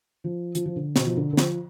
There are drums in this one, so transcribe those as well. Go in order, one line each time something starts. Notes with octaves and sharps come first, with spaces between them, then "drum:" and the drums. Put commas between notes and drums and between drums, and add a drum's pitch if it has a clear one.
F3
F3, drum: hi-hat
F3
D3
B2, drum: snare
F3
D3
D3
F3, drum: snare